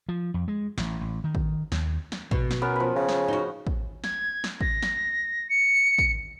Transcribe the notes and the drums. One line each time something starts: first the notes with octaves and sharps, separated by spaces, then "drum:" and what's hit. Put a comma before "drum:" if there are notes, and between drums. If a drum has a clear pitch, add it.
F3
F2
G#3
A1, drum: snare
A1
D#3
drum: kick
D#2, drum: snare
drum: snare
B2, drum: kick
drum: snare
B3 C#4 A#4
F3 B5
C#3
drum: snare
D#4 F#4
drum: kick
G#6, drum: snare
drum: snare
A#6, drum: kick
drum: snare
C#7
drum: kick